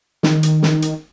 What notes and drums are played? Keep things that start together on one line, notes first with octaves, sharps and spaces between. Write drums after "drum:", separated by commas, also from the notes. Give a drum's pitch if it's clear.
D#3, drum: snare
drum: hi-hat
drum: snare
drum: hi-hat